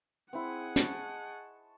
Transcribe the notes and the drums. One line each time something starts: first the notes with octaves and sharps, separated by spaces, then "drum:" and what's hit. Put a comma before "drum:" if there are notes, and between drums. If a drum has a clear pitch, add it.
C4 E4 G#4 F#5
D#5 A5 C#6, drum: hi-hat